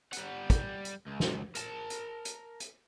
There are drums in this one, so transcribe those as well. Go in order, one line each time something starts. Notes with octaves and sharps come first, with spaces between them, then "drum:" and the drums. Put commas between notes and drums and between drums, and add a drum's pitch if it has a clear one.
G3 F#5, drum: hi-hat
drum: kick, hi-hat
drum: hi-hat
C#2
drum: snare
A#4 A5, drum: hi-hat
drum: hi-hat
drum: hi-hat
drum: hi-hat